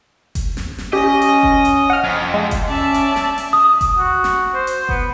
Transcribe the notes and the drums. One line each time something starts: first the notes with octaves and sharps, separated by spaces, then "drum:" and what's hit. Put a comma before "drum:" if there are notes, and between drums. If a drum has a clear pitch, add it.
drum: kick F#1, hi-hat
drum: snare
drum: snare
C#4 G4 D#5
drum: hi-hat
drum: kick F#1
drum: hi-hat
F#5 F6
F2
G#3
drum: kick F#1, hi-hat
C#4 D5 E5 A5
drum: hi-hat
drum: snare
drum: open hi-hat
D#6
drum: kick F#1, hi-hat
F#4
drum: snare
C5
drum: hi-hat
B3, drum: kick F#1